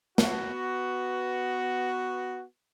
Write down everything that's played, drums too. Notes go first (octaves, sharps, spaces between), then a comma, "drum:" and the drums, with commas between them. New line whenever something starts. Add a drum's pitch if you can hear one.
B3 F#4, drum: snare